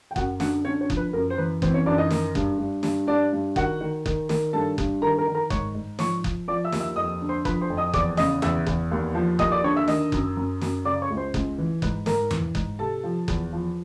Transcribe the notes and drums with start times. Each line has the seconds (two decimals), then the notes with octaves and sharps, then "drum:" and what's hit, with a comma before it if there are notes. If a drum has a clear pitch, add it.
0.11 G5
0.16 F#2 F#4 F#5, drum: kick F#1
0.40 D3 F#4 F#5, drum: snare
0.65 D3 C#4 C#5
0.81 C#4 C#5
0.90 F3, drum: kick F#1
0.97 B4
1.13 F#2 A#4
1.30 C5
1.38 E3 B4
1.62 E3 C4 C5, drum: kick F#1
1.74 C#4 C#5
1.86 F#2 D4 D5
1.98 D#4 D#5
2.11 D#3, drum: snare
2.35 G2, drum: kick F#1
2.59 G2
2.83 G2, drum: snare
3.07 G2 D4 D5
3.32 G2
3.56 D#3 F#4 F#5, drum: kick F#1
3.81 D#3
4.06 D#3, drum: kick F#1
4.29 D#3, drum: snare
4.53 G2 A4 A5
4.78 G2, drum: kick F#1
5.02 D#3 A#4 A#5
5.18 A#4 A#5
5.27 D#3
5.35 A#4 A#5
5.50 G#2 C#5 C#6, drum: kick F#1
5.75 G#2
5.99 F3 C#5 C#6, drum: snare
6.24 F3, drum: kick F#1
6.48 F3 D5 D6
6.64 E5 E6
6.73 D#2, drum: snare
6.80 E5 E6
6.96 F2 D#5 D#6
7.21 D3
7.29 C5 C6
7.45 F3 B4 B5, drum: kick F#1
7.61 C5 C6
7.70 F2
7.77 D#5 D#6
7.93 E2 D5 D6, drum: kick F#1
8.17 C#3 D#5 D#6, drum: snare
8.42 E2 E5 E6, drum: tom E2
8.66 E2, drum: kick F#1
8.91 D#2
9.15 F3
9.39 D#2 D#5 D#6, drum: kick F#1
9.52 D5 D6
9.63 D3 C#5 C#6
9.76 E5 E6
9.88 D#3 D#5 D#6, drum: snare
10.12 F#2, drum: kick F#1
10.37 F#2
10.62 F#2, drum: snare
10.85 C#3 D5 D6
11.02 C#5 C#6
11.10 C#2
11.17 C5 C6
11.34 C#2, drum: kick F#1
11.58 E3
11.82 G#2 B4 B5, drum: kick F#1
12.06 G#2 A#4 A#5, drum: snare
12.31 E3, drum: tom E2
12.55 G#2, drum: kick F#1
12.79 C3 A4 A5
13.04 F3
13.28 E2, drum: kick F#1
13.53 F3